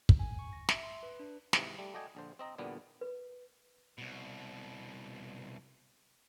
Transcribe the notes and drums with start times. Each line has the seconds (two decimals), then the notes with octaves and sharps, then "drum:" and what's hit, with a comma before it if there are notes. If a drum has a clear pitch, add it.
0.09 drum: kick
0.19 G#5
0.39 C#6
0.53 A#6
0.69 E5, drum: snare
0.83 C6
1.03 B4
1.20 D4
1.53 G#1 G#2 C3 E3, drum: snare
1.78 G3 A3
1.94 A3 F#4 D5 D#5 G5 G#5
2.15 A#1 D3 C5
2.39 C4 D#5 A#5
2.58 E2 A#2 D3 G3 B3
3.01 B4
3.98 C2 B2